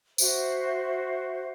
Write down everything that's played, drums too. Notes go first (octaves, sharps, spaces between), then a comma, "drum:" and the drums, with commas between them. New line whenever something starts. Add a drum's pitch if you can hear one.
F#4 C5 E5, drum: tambourine